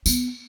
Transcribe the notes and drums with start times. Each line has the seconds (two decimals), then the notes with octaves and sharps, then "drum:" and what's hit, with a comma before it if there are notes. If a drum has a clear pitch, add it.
0.06 B3, drum: tambourine